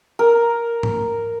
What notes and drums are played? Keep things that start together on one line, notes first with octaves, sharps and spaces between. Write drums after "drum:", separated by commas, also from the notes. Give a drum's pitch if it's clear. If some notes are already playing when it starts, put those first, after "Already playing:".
A#4
drum: tom G#2